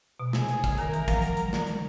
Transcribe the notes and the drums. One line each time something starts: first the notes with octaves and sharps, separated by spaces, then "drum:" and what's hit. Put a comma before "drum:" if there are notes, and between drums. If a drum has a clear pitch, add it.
B2
C3 G#4, drum: snare
drum: hi-hat
C#3, drum: kick, hi-hat
D#3 A#4, drum: hi-hat
E3, drum: hi-hat
F3, drum: kick, hi-hat
F#3, drum: hi-hat
G3, drum: hi-hat
D3, drum: snare
G#3, drum: hi-hat